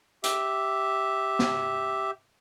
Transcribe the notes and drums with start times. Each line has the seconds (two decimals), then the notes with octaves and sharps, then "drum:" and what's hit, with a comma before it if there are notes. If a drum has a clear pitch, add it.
0.24 G4 E5, drum: hi-hat
1.39 drum: snare